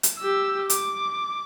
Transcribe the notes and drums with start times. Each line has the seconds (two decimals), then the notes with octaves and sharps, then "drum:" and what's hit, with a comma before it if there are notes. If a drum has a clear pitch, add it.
0.03 drum: hi-hat
0.18 G4 E6
0.70 D6, drum: hi-hat